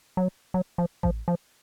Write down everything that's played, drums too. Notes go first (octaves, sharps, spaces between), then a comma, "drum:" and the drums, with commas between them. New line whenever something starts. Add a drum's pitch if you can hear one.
F#3
F#3
F3
F3, drum: kick A1
F3